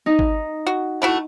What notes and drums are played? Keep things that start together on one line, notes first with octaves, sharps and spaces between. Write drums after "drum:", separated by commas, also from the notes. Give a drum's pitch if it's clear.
D#4
drum: kick
F#4
A3 E4 F#4